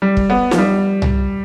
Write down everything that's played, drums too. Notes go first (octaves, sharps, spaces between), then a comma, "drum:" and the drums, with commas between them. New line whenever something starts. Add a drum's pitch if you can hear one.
G3
drum: kick
B3
F3, drum: snare
G3
drum: tom C2